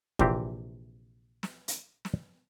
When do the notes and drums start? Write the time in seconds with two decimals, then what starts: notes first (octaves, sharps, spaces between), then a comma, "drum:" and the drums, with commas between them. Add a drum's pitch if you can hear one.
0.19 A#1 C3 E3 C4 G4, drum: kick
1.43 drum: snare
1.68 drum: hi-hat
2.05 drum: snare